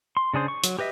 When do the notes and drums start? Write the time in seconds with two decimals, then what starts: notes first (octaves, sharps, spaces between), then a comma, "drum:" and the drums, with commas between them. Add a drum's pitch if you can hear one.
0.17 C6
0.34 C#3 D4 G#4 C5
0.48 C#6
0.64 F#3, drum: hi-hat
0.79 G4 B4 D#5 E5